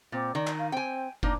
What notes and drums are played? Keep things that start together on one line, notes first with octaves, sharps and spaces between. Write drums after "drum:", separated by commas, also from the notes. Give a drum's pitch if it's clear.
A#2 C4
D#3 D5
drum: clap
F5
C4 G5 G#5
A#3 D4 D#4, drum: kick